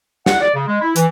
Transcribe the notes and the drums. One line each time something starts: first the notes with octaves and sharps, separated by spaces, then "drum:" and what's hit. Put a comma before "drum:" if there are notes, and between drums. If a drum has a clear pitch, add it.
F#5, drum: snare
D5
C#3
G#3
E4
E3, drum: hi-hat